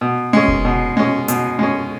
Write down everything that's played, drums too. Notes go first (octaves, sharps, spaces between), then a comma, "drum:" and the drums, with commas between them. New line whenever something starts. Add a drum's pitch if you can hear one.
B2
G#3 C#4
drum: kick F1
B2
G#3 C#4
B2, drum: hi-hat
G#3 C#4